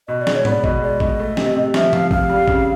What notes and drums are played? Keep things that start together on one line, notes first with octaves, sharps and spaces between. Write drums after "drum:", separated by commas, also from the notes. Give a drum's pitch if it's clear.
B2 D#5
D5
G#3, drum: snare
C#5
B3 D5, drum: tom
B2 D#5, drum: kick
G#3 D5
B2 D#5, drum: kick
A3
C3, drum: snare
C3
F3 E5, drum: snare
F3 F5, drum: tom
C3 F5, drum: kick
G3
C#3, drum: kick